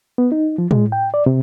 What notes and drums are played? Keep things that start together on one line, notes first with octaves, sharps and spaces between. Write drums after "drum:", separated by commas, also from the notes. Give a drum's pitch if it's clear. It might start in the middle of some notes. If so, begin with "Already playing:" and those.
B3
D#4
F3
G#3, drum: tom A2
G5
D5
C3